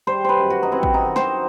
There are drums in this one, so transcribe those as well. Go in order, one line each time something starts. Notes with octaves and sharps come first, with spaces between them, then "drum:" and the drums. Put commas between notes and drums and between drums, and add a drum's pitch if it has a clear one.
G3 C5
B4 C5
F#2
F#4
D#4
C4 E4
drum: kick
D#4
D#3
C5, drum: snare